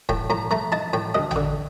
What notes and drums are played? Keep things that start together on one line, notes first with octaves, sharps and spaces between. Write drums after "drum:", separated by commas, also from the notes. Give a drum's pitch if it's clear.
A2 G5, drum: kick
A2 A#5
A3 A#5
D#4 A5
A2 G5
D2 D#5
G5, drum: tom
D3